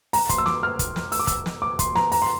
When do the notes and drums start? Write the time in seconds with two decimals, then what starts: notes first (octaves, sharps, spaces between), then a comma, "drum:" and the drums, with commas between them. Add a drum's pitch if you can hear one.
0.13 A#5, drum: open hi-hat
0.29 C6, drum: kick, hi-hat
0.38 E6
0.46 D6, drum: snare
0.63 F6
0.79 drum: kick, hi-hat
0.96 drum: snare
1.12 E6, drum: open hi-hat
1.19 D6
1.27 E6, drum: kick, hi-hat
1.46 drum: snare
1.62 D6
1.79 C6, drum: kick, hi-hat
1.95 A#5, drum: snare
2.12 A#5, drum: open hi-hat
2.22 C6